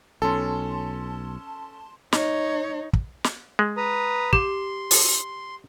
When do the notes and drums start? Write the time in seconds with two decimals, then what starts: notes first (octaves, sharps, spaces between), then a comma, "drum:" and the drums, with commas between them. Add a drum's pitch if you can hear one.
0.22 B1 C#4 A4 A5 C6
2.12 D#4 C#5, drum: snare
2.93 drum: kick
3.24 drum: snare
3.59 G#3
3.77 B4 A#5 D#6
4.33 G4 C6, drum: kick
4.91 drum: open hi-hat